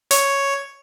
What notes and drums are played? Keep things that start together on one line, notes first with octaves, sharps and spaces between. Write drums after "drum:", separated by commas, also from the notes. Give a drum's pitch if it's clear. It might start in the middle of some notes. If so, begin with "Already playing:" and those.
C#5, drum: hi-hat